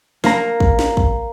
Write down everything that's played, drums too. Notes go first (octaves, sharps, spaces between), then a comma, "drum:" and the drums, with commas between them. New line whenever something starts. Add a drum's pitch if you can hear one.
A#3 A#5, drum: snare
drum: kick
drum: snare
drum: kick